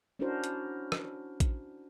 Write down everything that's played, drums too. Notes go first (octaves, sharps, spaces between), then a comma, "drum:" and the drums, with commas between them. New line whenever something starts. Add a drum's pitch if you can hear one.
C#4 D4 E4 F#4 A#4 C5
drum: hi-hat
drum: rim click
drum: kick A1, hi-hat